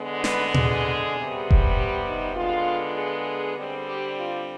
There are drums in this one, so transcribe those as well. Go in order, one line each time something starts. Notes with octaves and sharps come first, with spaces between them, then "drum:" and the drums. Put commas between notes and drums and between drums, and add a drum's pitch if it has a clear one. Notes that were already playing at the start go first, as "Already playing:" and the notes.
Already playing: D3 G#3 B3
B4, drum: snare
G#4, drum: tom A#2
C3 G3 B3
drum: kick F1
G4
D#4
D3 G#3 B3 F4
G#4
D3 G3 C4
G4
F4